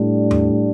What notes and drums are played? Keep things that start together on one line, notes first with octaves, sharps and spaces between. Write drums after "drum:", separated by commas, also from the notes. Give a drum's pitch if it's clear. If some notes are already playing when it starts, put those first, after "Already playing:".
Already playing: A2 G3 D4
drum: tom E2